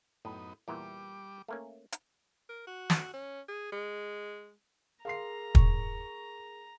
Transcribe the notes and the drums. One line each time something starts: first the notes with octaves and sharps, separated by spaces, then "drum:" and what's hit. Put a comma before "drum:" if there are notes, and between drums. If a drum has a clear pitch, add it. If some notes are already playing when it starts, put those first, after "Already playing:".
F#2 A2 B3 D#4
E2 A#2 E3 G3 D6
A3 A#3 C#4
drum: hi-hat
A#4
F#4
drum: snare
C#4
G#4
G#3
G#4 A#4 F5 A#5 C6 C7
C#6, drum: kick